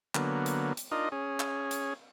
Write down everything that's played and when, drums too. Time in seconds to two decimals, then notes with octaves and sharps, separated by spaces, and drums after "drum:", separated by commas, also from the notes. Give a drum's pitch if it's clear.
0.15 D3 F#3 A#3 B3, drum: clap
0.46 drum: hi-hat
0.77 drum: hi-hat
0.91 D4 D#4 F4 A#4 D#5
1.12 C#4 G#4
1.40 drum: clap
1.71 drum: hi-hat